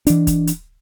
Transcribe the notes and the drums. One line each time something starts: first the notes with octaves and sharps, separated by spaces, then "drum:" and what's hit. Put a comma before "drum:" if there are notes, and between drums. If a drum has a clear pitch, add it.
E3 D4, drum: hi-hat
drum: kick, hi-hat
drum: hi-hat